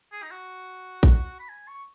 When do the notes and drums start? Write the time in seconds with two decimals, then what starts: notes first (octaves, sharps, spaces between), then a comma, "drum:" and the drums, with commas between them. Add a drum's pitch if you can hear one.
0.12 G#4
0.23 D#4
0.31 F#4
1.03 drum: kick A#1
1.40 B5
1.49 G#5
1.68 C#6